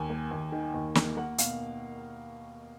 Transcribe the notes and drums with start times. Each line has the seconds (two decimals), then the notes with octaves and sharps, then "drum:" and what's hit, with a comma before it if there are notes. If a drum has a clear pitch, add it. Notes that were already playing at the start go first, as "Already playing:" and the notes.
Already playing: D#2 G#5
0.10 A#3
0.31 D#2
0.52 D#3
0.74 D#2
0.95 A#3, drum: snare
1.17 A#3 F#5
1.38 B2 F5, drum: hi-hat